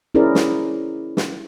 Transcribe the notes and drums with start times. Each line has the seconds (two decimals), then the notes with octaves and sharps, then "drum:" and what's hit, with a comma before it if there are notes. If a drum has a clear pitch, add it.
0.15 C#4 E4 G#4 A#4 C5 D5
0.35 drum: snare
1.17 drum: snare